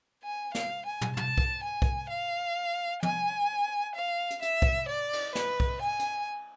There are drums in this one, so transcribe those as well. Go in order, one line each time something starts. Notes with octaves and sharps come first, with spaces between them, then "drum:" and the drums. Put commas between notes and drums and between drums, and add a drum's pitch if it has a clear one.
G#5
F5, drum: snare
G#5
drum: tom
A5, drum: tom
drum: kick B1
G#5
drum: kick B1
F5
G#5, drum: tom
F5
drum: hi-hat
E5, drum: hi-hat
drum: kick B1
D5
drum: cymbal
B4, drum: snare
drum: kick B1
G#5
drum: hi-hat